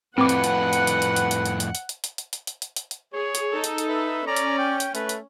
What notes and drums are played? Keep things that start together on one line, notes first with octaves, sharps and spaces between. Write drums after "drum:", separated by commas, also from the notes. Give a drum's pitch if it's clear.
F2 A2 C4 B4 F#5 D6
drum: hi-hat
drum: hi-hat
drum: hi-hat
drum: hi-hat
drum: hi-hat
drum: hi-hat
drum: hi-hat
drum: hi-hat
drum: hi-hat
drum: hi-hat
drum: hi-hat
drum: hi-hat
drum: hi-hat
drum: hi-hat
drum: hi-hat
drum: hi-hat
drum: hi-hat
drum: hi-hat
G#4 C#5
drum: hi-hat
D#4 A4
drum: hi-hat
drum: hi-hat
B4 E5
C#4 D5 A#5
drum: hi-hat
G5
drum: hi-hat
A3 B4, drum: hi-hat
drum: hi-hat